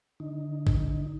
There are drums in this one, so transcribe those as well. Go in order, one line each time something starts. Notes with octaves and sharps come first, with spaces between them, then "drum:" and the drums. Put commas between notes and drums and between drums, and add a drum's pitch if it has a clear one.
D3 D#4
drum: kick G#1